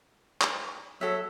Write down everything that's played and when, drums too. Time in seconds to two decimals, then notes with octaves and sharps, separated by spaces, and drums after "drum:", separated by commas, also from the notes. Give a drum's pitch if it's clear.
0.41 drum: clap
1.01 F#3 A4 E5